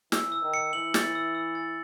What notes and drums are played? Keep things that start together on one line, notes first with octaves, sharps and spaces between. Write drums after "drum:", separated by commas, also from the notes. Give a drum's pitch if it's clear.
E3 E6, drum: snare
E6
D#3
C#7
E3 F#7
A6, drum: snare
E6
E6
A6